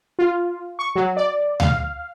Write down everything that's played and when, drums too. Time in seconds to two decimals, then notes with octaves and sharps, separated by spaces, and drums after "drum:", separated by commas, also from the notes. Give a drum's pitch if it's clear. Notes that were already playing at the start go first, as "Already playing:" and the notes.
0.19 F4
0.79 C#6
0.96 F#3
1.17 D5
1.60 F5, drum: tom D2